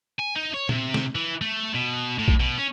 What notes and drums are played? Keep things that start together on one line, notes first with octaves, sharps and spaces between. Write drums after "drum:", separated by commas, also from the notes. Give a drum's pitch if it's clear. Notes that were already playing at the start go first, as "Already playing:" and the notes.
G#5
D#4
C#5
C3, drum: tom A#2
drum: snare
E3
A3
B2
A2
drum: kick A#1
B2
C#4